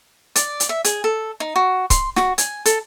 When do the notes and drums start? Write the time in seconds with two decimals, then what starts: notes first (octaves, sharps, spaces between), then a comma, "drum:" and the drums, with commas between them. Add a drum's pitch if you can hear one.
0.36 D5, drum: hi-hat
0.60 drum: hi-hat
0.69 E5
0.85 G#4, drum: hi-hat
1.04 A4
1.40 D#4
1.56 F#4
1.90 C6, drum: kick C#1, hi-hat
2.16 F#4, drum: snare
2.38 G#5, drum: hi-hat
2.66 A4, drum: hi-hat